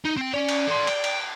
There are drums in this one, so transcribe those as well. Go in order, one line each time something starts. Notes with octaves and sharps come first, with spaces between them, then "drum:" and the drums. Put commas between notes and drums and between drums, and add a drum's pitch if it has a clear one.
D#4
C4 G5
C#4 C#5 D5
drum: cymbal
A4 C6
G5, drum: cymbal
drum: cymbal